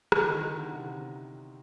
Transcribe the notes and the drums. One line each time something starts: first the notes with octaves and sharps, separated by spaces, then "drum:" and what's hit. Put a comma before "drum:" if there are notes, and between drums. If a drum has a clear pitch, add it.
D#3, drum: rim click
E3
D#3
D#3
D3
C3